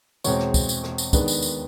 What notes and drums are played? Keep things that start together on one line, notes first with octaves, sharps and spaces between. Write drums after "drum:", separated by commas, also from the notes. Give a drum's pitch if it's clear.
E2 B2 G#3 C4 C#5, drum: tambourine
drum: rim click
drum: kick, tambourine
drum: tambourine
drum: rim click
drum: tambourine
D#2 D#3 G#3 B3 D4, drum: kick, tambourine
drum: tambourine
drum: tambourine